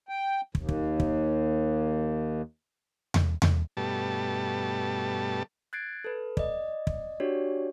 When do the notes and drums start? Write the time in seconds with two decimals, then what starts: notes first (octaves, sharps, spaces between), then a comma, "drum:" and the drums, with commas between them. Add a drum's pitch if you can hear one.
0.09 G5
0.55 D#2, drum: kick
0.69 drum: kick
1.00 drum: kick
3.14 drum: tom E2
3.42 drum: tom E2
3.77 G2 B2 G3 A3 A5
5.73 F#6 G#6 A6 C7 D7
6.04 A4 B4
6.37 D5 D#5, drum: kick
6.87 drum: kick
7.20 D4 F#4 G4 C#5 D5